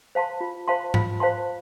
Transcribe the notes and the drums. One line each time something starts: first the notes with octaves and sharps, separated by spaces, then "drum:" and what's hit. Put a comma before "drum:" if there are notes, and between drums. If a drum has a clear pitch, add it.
C5 F5 A5 C6
F4
C5 F5 A5 C6
F4, drum: tom G#2
C5 F5 A5 C6